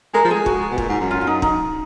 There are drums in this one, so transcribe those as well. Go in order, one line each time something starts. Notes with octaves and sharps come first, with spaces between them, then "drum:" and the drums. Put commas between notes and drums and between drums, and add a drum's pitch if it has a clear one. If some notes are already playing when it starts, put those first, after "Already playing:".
G#3 A#4
F3
G#3 G#4
F#4, drum: kick
B2
A#2, drum: kick
G#2
F#2
F4
F4
D#4
D#4, drum: kick